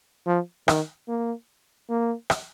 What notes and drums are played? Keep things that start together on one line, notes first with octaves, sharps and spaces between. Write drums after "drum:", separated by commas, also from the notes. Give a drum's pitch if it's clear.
F3
D#3, drum: rim click
A#3
A#3
drum: rim click